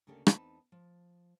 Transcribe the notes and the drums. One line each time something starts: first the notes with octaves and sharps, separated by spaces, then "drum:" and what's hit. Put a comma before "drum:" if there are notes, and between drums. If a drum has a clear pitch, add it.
D2 C#3 A#3 G4 A4 D5
E2 C4 D#4 B4 A5, drum: rim click
F3